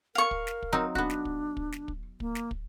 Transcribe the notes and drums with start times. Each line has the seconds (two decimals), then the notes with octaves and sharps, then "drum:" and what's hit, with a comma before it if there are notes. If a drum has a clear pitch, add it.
0.15 A#4 F5 C#6
0.31 drum: kick
0.47 drum: snare
0.62 drum: kick
0.72 F#3 C4 D#4
0.95 B3 D4 F#4, drum: kick
1.10 drum: snare
1.25 drum: kick
1.57 drum: kick
1.72 drum: snare
1.88 drum: kick
2.20 A#3, drum: kick
2.35 drum: snare
2.51 drum: kick